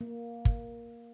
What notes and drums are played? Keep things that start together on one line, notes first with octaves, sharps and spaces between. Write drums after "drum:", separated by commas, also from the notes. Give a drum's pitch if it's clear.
A#3
drum: kick